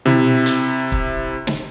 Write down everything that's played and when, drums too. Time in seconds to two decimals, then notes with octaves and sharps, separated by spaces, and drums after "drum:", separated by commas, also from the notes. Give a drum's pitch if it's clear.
0.06 C3 E4, drum: tom
0.46 drum: hi-hat
0.92 drum: kick
1.47 drum: snare